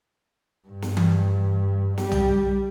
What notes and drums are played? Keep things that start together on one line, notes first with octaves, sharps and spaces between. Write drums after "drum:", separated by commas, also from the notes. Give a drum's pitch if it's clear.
G2
drum: snare
drum: tom E3
G3, drum: snare
drum: tom